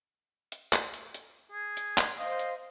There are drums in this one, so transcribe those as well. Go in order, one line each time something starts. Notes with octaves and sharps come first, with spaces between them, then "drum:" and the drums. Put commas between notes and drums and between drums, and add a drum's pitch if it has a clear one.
drum: hi-hat
drum: clap
drum: hi-hat
drum: hi-hat
G#4
drum: hi-hat
drum: clap
C5 D#5 F5
drum: hi-hat